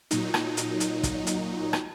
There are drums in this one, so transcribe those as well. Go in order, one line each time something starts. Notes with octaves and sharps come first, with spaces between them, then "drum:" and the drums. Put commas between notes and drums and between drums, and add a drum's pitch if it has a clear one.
A#2 F#3 D#4, drum: hi-hat
drum: rim click
drum: hi-hat
drum: hi-hat
drum: kick, hi-hat
drum: hi-hat
drum: rim click